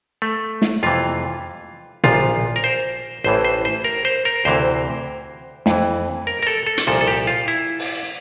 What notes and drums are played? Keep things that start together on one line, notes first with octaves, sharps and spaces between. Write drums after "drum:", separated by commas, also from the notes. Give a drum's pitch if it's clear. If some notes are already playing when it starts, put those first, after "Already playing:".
A3
drum: snare
F2 C3 E3 F4
A#1 A#2 F3 F4, drum: tom B2
A#4
C5
A1 A2 E3 C5
C5
C5
A#4
C5
A#4
D2 C3 E3 C5
F2 E3, drum: snare
A#4
A#4
A4
A4
drum: hi-hat
C2 A#2 F3 A4
A4
G4
F4
E4
drum: open hi-hat